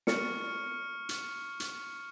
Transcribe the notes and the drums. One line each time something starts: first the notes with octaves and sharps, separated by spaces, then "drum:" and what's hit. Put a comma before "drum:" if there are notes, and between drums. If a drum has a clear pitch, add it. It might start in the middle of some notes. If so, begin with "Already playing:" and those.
C#6 F6 C#7, drum: snare
drum: hi-hat
drum: hi-hat